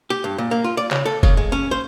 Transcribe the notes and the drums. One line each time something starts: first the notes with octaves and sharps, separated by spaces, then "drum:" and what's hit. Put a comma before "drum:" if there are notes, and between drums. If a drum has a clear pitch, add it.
G4
G2
A#2
A#3
F4
D5
C#3, drum: clap
A4
C#3, drum: kick, tambourine
G#3
C#4
C5